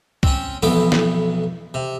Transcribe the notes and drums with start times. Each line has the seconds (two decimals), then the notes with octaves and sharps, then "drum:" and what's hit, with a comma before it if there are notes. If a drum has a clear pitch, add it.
0.23 C4 C#4, drum: kick C2
0.63 B1 F2 E3 B3 B5 D6
0.92 drum: snare
1.74 C3